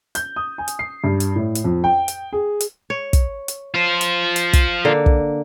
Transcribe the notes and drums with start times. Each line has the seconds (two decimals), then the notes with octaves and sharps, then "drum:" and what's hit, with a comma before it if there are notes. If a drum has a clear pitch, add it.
0.15 G6, drum: hi-hat
0.36 D#6
0.58 G#5
0.68 drum: hi-hat
0.79 C7
1.04 G2
1.20 drum: hi-hat
1.36 A2
1.55 drum: hi-hat
1.64 F2
1.84 G5
2.08 drum: hi-hat
2.33 G#4
2.60 drum: hi-hat
2.90 C#5
3.13 drum: kick, hi-hat
3.48 drum: hi-hat
3.74 F4 C5
4.01 drum: hi-hat
4.36 drum: hi-hat
4.53 drum: kick, hi-hat
4.85 D3 A#3
5.06 drum: kick